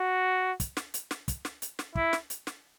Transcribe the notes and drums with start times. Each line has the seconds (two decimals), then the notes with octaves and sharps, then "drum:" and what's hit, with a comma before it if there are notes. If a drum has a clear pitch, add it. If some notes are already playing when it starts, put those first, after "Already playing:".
Already playing: F#4
0.60 drum: kick, hi-hat
0.77 drum: snare
0.94 drum: hi-hat
1.11 drum: snare
1.28 drum: kick, hi-hat
1.45 drum: snare
1.62 drum: hi-hat
1.79 drum: snare
1.95 E4, drum: kick
2.13 drum: snare
2.30 drum: hi-hat
2.47 drum: snare